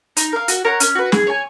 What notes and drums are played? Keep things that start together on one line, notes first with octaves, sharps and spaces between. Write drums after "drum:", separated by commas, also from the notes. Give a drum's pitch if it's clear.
D#4, drum: hi-hat
A#4 F5
F#4, drum: hi-hat
A#4 C#5 F#5
C#4, drum: hi-hat
F#4 B4
G#4, drum: snare
C#5 G#5